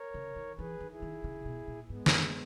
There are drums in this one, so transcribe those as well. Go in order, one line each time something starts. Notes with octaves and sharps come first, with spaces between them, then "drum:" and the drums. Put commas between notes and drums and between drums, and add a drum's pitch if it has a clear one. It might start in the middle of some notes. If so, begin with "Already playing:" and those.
Already playing: A#4 C#5
C#3
D#3
E3 G#4 B4
D#3
E4 G#4
D#3
C#3
B2
A#2
G#2 G#3 B3
F#2, drum: snare